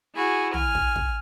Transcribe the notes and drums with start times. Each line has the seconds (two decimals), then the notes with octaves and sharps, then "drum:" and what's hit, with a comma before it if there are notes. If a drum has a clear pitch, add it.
0.16 E4 F#4 G#4
0.54 G#5 F6, drum: tom
0.75 drum: kick
0.96 drum: kick